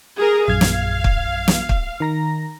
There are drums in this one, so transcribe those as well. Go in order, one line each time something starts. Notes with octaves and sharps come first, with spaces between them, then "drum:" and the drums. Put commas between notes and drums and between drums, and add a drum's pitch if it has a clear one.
G#4 A#4
A#1 F#2 F5 G#6
drum: snare
drum: kick
drum: snare
drum: kick
D#3 A#5 A#6